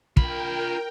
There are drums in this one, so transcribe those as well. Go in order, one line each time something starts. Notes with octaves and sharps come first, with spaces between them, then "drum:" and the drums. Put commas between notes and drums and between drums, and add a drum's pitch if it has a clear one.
F4 A#4 G5 B5, drum: kick